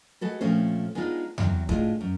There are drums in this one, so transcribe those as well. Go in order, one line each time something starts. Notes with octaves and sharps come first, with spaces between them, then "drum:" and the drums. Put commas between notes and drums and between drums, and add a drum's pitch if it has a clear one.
G#3 F#4 A4 B4
A#2 F3 A3 C4 C#4 C5
G#3 B3 D4 D#4 F4
E2 C3 E3 F#3, drum: tom F2
A2 G#3 D4 F4, drum: kick
F#2